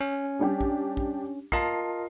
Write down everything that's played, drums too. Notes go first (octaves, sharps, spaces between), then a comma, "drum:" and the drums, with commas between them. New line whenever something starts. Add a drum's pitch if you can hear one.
C#4
G3 D4 G4
drum: kick
drum: kick
F4 A#4 D#5 A5 C7, drum: kick